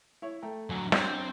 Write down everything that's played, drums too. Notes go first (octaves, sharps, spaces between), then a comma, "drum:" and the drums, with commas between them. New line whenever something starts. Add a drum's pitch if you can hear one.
E4 C#5
A3 G5 A#5
D3 F#3 G#5
F#3 C4 D4 G5, drum: snare